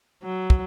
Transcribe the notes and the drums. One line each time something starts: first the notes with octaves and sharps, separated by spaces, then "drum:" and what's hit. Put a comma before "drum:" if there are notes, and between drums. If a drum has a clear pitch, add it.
F#3
drum: kick